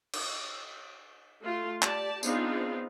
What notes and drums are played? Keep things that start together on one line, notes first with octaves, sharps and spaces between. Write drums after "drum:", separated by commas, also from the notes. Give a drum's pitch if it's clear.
drum: cymbal
A3 F4
G4 D5 A5, drum: clap
B3 C4 D4 D#4 F4 G#4, drum: tambourine